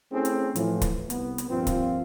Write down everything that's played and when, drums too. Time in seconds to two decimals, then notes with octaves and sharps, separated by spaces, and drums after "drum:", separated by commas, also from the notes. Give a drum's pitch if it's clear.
0.12 A3 C4 C#4 E4 G#4 A4
0.25 drum: hi-hat
0.56 A2 E3 F3, drum: hi-hat
0.82 drum: kick, hi-hat
1.10 C2 B3, drum: hi-hat
1.38 drum: hi-hat
1.49 G2 A#2 F3 C4 F4
1.67 drum: kick, hi-hat